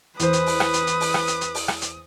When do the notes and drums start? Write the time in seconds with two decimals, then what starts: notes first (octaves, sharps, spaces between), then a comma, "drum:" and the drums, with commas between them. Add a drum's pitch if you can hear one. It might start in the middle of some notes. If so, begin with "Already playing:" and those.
0.20 E2 B4 C5 D#6, drum: hi-hat
0.33 drum: hi-hat
0.47 drum: open hi-hat
0.60 drum: rim click
0.74 drum: hi-hat
0.87 drum: hi-hat
1.01 drum: open hi-hat
1.14 drum: rim click
1.28 drum: hi-hat
1.41 drum: hi-hat
1.55 drum: open hi-hat
1.68 drum: rim click
1.82 drum: hi-hat